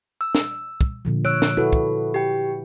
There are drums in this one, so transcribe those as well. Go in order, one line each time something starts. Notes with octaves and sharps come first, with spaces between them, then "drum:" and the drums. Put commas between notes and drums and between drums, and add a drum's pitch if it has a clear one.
E6
drum: snare
drum: kick
A#2 D3 F3
C#5 E6 F#6 D7
drum: snare
E4 F#4 A4 B4
drum: kick
G4 G5